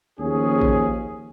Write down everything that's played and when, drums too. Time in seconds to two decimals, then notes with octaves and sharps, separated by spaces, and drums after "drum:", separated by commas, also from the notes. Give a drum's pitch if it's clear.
0.20 D#2 F3 C#4 G#4
0.61 drum: kick A1